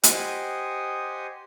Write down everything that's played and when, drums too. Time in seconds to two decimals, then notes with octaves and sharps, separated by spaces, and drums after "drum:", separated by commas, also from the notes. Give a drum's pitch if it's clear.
0.03 G4 C5 D#5 F#5 G#5 D#6, drum: hi-hat